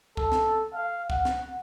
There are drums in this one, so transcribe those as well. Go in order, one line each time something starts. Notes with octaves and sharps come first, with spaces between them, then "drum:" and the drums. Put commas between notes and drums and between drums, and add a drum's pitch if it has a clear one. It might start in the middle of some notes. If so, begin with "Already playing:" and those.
A4, drum: kick C2
drum: snare
F5
F#5, drum: kick C2
drum: snare